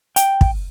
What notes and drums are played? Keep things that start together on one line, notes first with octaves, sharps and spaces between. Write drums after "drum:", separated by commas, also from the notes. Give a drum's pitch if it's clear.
G5, drum: hi-hat
drum: kick